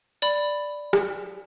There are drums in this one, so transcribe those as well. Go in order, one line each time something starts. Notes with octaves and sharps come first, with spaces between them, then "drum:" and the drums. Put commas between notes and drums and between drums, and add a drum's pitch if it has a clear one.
D5 B5
drum: rim click